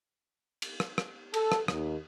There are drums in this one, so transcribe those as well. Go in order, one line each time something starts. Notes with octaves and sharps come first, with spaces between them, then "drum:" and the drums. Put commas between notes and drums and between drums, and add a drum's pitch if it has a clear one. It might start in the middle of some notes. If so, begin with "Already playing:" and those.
drum: cymbal
drum: rim click
drum: rim click
A4, drum: cymbal
drum: rim click
D#2, drum: rim click